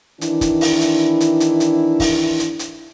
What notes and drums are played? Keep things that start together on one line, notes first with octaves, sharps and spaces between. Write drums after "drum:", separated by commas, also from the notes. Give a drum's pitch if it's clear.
D#3 E3 D4 E4, drum: hi-hat
drum: kick, hi-hat
drum: open hi-hat
drum: hi-hat
drum: hi-hat
drum: hi-hat
drum: hi-hat
drum: kick, open hi-hat
drum: hi-hat
drum: hi-hat